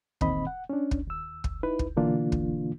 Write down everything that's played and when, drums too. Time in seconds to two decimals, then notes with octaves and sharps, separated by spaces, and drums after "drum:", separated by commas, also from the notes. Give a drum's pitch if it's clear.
0.21 E2 A#2 D#3 C4 D#5 B5, drum: kick
0.47 F#5
0.69 C#4 D4
0.91 drum: kick
1.07 D#2 E6
1.44 drum: kick
1.63 D#4 E4 B4
1.79 drum: kick
1.96 B2 D3 E3 A#3 D4 F4
2.32 drum: kick